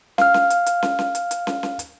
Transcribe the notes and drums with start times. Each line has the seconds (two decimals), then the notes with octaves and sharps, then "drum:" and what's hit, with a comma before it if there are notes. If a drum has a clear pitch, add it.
0.18 F5 F6, drum: snare
0.34 drum: snare
0.50 drum: hi-hat
0.66 drum: hi-hat
0.83 drum: snare
0.99 drum: snare
1.15 drum: hi-hat
1.31 drum: hi-hat
1.47 drum: snare
1.63 drum: snare
1.79 drum: hi-hat